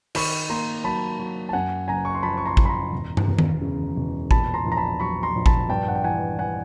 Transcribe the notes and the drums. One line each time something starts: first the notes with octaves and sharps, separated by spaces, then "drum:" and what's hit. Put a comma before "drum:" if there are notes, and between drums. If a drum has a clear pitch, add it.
D#3 B5 C#6, drum: cymbal
A#3 A#5 C6
F#3 A5 B5
F#3
A5
F#2 F#5 G#5
F#1 G#5 A#5
C#6
C6
F3 A5 B5
C#6
A#5 C6
F#1, drum: kick A1
B5
A#5 C6
E1
drum: tom
E1
drum: tom D#3
C#3
E1
A#2 A5 B5, drum: kick A1
A#5 C6
A#1
A#5
A5 B5
F#3 B5 C#6
A#5 C6
A#1
A5 B5, drum: kick A1
G2 G5 A5
F#5
G5
E3 F#5 G#5
E3 F#5 G#5